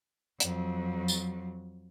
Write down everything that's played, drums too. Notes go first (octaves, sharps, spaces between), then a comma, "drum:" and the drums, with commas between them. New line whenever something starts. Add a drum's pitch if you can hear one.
F2 F#3, drum: hi-hat
drum: tambourine